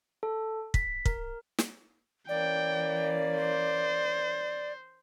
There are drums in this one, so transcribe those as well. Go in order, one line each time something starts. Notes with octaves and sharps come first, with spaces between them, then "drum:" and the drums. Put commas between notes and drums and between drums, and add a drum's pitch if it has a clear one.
A4
B6, drum: kick
A#4, drum: kick
drum: snare
E3 A#3 C#4 D5 G5
C5